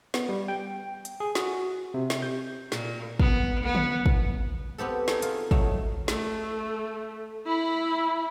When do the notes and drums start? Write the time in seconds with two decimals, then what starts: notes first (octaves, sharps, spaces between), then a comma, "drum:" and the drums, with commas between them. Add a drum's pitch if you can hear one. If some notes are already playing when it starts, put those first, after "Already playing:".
0.14 B3, drum: snare
0.29 G3
0.48 G5
1.05 drum: hi-hat
1.20 G#4
1.35 F#4, drum: snare
1.94 C3
2.10 drum: snare
2.22 G6
2.72 A#2, drum: snare
3.20 B3, drum: kick
3.64 B3
3.75 drum: tom
4.06 drum: kick
4.78 B3 C4 G4 A4
5.08 D#4 G#4 A4, drum: snare
5.22 F4, drum: hi-hat
5.51 F#3 A3 D#5, drum: kick
6.08 A3, drum: snare
7.46 E4 B5